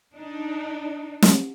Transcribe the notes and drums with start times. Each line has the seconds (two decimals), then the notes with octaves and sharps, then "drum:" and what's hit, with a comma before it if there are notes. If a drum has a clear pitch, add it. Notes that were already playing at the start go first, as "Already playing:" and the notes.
0.14 D4 D#4
1.22 drum: snare